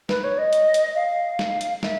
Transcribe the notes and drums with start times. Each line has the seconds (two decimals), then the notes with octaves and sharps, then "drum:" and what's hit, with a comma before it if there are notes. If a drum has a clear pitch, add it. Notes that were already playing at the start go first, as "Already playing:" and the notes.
0.09 B4, drum: snare
0.24 C#5
0.38 D#5
0.53 drum: hi-hat
0.74 drum: hi-hat
0.95 F5
1.39 drum: snare
1.61 drum: hi-hat
1.83 E5, drum: snare